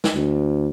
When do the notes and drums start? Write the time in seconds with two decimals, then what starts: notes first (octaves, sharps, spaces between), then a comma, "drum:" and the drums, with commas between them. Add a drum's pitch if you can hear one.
0.04 drum: snare
0.15 D2